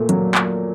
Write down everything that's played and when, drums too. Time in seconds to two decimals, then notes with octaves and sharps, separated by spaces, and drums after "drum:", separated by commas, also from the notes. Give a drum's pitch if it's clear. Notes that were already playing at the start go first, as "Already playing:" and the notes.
Already playing: A#2 A3
0.09 F#3, drum: hi-hat
0.35 drum: clap